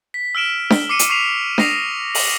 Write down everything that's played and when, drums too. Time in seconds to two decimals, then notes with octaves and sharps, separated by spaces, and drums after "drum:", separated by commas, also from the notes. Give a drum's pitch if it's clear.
0.14 B6
0.35 E6 F6 D7 E7
0.70 drum: snare D4
0.89 D6 C7 C#7 D#7
0.99 drum: hi-hat
1.10 C#6 B6 C7 F7
1.58 D#6 A#6 C7 F7, drum: snare D4
2.15 F#7, drum: open hi-hat